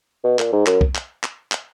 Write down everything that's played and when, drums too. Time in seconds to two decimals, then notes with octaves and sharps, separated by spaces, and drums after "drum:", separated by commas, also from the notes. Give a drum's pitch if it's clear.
0.24 B2
0.39 A#2, drum: clap
0.53 G#2
0.66 F#2, drum: clap
0.81 drum: kick
0.95 drum: clap
1.23 drum: clap
1.52 drum: clap